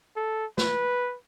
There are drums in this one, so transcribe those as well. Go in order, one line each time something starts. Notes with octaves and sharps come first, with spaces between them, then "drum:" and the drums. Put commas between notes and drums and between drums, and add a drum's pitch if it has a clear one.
A4
B4, drum: snare